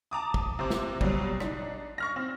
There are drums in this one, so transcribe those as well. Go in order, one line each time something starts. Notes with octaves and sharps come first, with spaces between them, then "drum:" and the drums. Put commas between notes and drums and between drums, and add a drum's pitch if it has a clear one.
A5 A#5 D6 D#6
drum: kick
C3 C5 D6
drum: snare
B2 F#3 G3, drum: kick
D4 D#4, drum: rim click
C#6 F6 A#6
C4